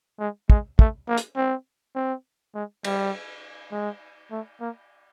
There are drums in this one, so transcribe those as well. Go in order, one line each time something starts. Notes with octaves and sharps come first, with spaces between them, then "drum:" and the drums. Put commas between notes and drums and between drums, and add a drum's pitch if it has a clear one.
G#3
G#3, drum: kick
A3, drum: kick
A#3
drum: hi-hat
C4
C4
G#3
G3, drum: cymbal
G#3
A3
A#3